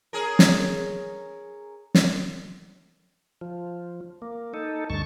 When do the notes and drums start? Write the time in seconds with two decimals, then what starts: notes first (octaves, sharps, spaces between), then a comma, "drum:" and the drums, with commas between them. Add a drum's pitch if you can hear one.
0.13 C#4 G#4 A#4
0.39 drum: snare
1.95 drum: snare
3.41 F3
4.22 A#3
4.54 D#4 A4
4.90 D2 G2 A5 C#6